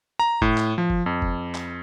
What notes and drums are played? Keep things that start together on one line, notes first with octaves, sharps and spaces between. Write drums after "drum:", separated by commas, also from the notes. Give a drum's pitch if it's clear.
A#5
A2, drum: kick
drum: clap
F3
drum: kick
F2
drum: kick
drum: clap